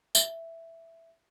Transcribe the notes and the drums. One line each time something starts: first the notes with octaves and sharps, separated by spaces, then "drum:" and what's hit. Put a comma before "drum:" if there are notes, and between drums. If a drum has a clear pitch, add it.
E5, drum: tambourine